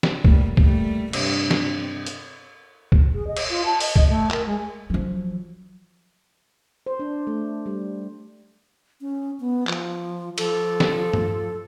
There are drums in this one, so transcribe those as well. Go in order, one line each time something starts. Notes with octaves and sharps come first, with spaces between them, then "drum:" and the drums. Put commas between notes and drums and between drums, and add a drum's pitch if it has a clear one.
drum: snare
A2 G3 A#3, drum: kick
G3 A3 A#3, drum: kick
G2 C3, drum: cymbal
C4, drum: snare
drum: hi-hat
drum: kick
G#4
D#5
drum: cymbal
F4
A5
D#5, drum: open hi-hat
D#5, drum: kick
A3
A#4, drum: clap
G#3
F3 F#3
C5
D4
A3
G3
C#4
B3
F3, drum: clap
F3 A4, drum: cymbal
drum: snare
drum: tom G2